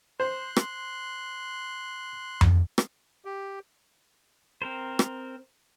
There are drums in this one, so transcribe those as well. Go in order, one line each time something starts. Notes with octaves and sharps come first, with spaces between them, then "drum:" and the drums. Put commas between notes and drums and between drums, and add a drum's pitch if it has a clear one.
C5 C6 F#6
drum: rim click
drum: tom F2
drum: rim click
G4
C4 A#4 C5
drum: rim click